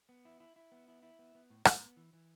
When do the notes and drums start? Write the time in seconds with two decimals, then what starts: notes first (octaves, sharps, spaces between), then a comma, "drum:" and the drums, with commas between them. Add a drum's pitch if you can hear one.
0.09 B3
0.25 E4
0.40 E4
0.56 E4
0.72 B3
0.88 E4
1.03 E4
1.19 B3
1.35 B3
1.50 A2
1.65 A2, drum: rim click
1.82 B3
1.97 E3
2.13 E3